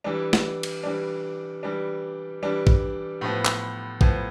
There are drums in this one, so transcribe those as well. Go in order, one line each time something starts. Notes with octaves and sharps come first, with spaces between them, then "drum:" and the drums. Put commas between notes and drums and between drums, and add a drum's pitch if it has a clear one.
E3 G3 D4
drum: snare
drum: cymbal
E3 G3 D4
E3 G3 D4
E3 G3 D4
drum: kick A1
A2 F3 B3
drum: clap
A2 F3 B3, drum: kick A1